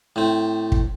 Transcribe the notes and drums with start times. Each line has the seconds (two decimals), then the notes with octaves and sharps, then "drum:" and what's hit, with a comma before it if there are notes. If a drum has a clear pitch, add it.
0.16 A2 C4
0.72 drum: kick